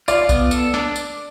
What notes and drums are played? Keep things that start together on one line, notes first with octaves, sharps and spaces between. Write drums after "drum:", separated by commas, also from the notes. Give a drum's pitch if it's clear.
F4 D5, drum: tambourine
B3, drum: kick B1, tambourine
A4, drum: tambourine
D4, drum: snare
drum: tambourine